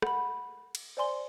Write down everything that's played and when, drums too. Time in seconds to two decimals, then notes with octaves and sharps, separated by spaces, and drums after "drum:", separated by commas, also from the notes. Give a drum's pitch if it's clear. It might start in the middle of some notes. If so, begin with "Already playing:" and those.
0.02 F#5 B5, drum: rim click
0.75 drum: cymbal
0.97 C5 D5 G#5 C6 G7